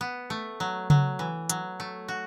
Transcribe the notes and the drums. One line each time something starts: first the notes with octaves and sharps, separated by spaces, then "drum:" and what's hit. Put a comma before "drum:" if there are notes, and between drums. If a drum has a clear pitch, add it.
B3
A3
F#3
F#3, drum: tom C#3
E3
F#3, drum: hi-hat
A3
F#4